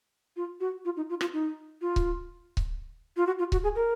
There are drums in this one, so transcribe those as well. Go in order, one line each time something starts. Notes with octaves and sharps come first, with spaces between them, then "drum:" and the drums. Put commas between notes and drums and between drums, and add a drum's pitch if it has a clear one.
F4
F#4
F4
D#4
F4
F4, drum: rim click
D#4
F4
drum: kick C#1
drum: kick C#1
F4
F#4
F4
F#4, drum: kick C#1
G#4
A#4